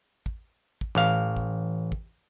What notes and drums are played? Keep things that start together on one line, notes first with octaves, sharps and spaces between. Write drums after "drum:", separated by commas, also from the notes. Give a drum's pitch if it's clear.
drum: kick
drum: kick
A1 F5
drum: kick
drum: kick